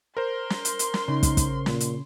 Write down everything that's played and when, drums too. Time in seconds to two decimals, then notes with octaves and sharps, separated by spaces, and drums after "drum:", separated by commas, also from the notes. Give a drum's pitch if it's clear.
0.17 A#4 C5 C6
0.50 drum: snare
0.65 drum: hi-hat
0.79 drum: hi-hat
0.94 drum: snare
1.08 C#3 D#4
1.23 drum: kick, hi-hat
1.37 drum: kick, hi-hat
1.66 A#2, drum: snare
1.80 drum: hi-hat